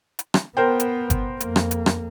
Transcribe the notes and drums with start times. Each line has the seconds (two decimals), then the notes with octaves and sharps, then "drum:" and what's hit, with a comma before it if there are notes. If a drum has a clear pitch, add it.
0.19 drum: hi-hat
0.34 drum: rim click
0.57 B3 A#4 C5 G5
0.80 drum: hi-hat
1.10 drum: kick G1, hi-hat
1.40 F2 A#3, drum: hi-hat
1.56 drum: rim click
1.71 drum: hi-hat
1.86 drum: rim click